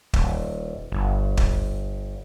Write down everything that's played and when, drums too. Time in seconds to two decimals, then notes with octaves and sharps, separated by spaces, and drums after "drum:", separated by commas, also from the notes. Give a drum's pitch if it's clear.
0.14 D#1, drum: kick
0.92 G1
1.37 drum: kick